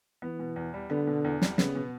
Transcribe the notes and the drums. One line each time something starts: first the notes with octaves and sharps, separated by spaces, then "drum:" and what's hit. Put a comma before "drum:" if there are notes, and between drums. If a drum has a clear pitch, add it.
E3 B3
B2
E2
G3
D3 B3
B2
E2
G3, drum: snare
C#3 B3, drum: snare
B2